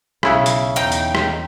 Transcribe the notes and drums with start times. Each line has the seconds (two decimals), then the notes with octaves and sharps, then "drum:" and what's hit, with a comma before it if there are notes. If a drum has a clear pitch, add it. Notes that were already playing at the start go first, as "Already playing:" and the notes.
0.23 B1 C#3 E4 F#5, drum: rim click
0.46 drum: hi-hat
0.76 E2 D#4 G5
0.92 drum: hi-hat
1.15 drum: rim click